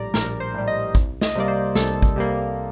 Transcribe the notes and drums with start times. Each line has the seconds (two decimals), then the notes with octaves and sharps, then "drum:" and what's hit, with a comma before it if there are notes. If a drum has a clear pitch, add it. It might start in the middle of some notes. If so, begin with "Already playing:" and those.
Already playing: A#1 A2 G3 D5 A#5
0.14 A#1 A#4, drum: snare
0.40 C5
0.54 A2 G3
0.68 D#5
0.95 C2, drum: kick G#1
1.21 D#5, drum: snare
1.36 C3 G3 A#3 D5
1.48 C5
1.75 C2 A4, drum: snare
2.02 drum: kick G#1
2.16 C3 G3 A#3